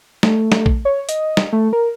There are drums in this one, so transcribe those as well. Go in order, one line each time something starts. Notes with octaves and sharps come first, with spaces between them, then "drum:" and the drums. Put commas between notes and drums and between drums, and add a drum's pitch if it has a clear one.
A3, drum: snare
drum: snare
drum: kick
C#5
D#5, drum: hi-hat
drum: snare
A3
A#4